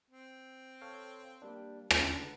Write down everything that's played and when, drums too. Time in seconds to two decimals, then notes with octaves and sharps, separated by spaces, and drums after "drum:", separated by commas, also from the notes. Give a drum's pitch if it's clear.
0.10 C4
0.81 A4 C#5 F5
1.42 G3 A#3 D4
1.91 D3 B4 F#5 A5 A#5, drum: rim click